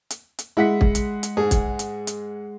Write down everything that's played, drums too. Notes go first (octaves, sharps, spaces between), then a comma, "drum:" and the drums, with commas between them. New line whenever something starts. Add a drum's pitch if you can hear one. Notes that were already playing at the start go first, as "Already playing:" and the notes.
drum: hi-hat
drum: hi-hat
G#3 E4 F#5 B6
drum: kick
drum: hi-hat
drum: hi-hat
G#2 G#4
drum: kick, hi-hat
drum: hi-hat
drum: hi-hat